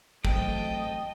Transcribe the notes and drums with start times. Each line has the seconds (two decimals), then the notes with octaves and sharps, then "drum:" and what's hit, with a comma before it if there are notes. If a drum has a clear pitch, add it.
0.25 F#3 A3 C4 D#5 G5 A5, drum: kick